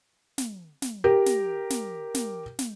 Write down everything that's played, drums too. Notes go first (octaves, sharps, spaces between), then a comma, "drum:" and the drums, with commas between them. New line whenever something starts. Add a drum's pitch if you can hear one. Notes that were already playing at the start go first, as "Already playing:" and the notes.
drum: snare
drum: snare
G4 A#4
drum: snare
drum: snare
drum: snare
drum: snare